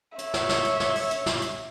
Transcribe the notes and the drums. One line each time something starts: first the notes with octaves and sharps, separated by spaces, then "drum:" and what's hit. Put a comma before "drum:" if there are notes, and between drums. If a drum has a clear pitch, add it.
C#5 E5, drum: hi-hat
drum: snare
drum: snare
drum: hi-hat
drum: snare
drum: open hi-hat
drum: hi-hat
drum: snare
drum: hi-hat